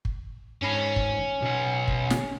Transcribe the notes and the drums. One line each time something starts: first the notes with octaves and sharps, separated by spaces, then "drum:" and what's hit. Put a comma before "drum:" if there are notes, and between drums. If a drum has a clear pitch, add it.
drum: kick
G#2 C#4 B5
drum: kick
B1 F#5
drum: kick
drum: snare